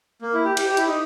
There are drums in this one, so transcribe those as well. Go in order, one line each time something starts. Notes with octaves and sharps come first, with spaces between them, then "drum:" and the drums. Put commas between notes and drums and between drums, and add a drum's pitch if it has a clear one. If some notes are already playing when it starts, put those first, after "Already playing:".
A#3
E4
G4
G4, drum: cymbal
G4
E4, drum: hi-hat
D#4